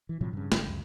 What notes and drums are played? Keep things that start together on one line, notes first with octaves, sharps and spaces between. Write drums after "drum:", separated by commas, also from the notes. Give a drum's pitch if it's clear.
E3
A2 C3 F3 F#3
G2 C#3
G#1 G#2 D3 A3, drum: snare
C#2 F#2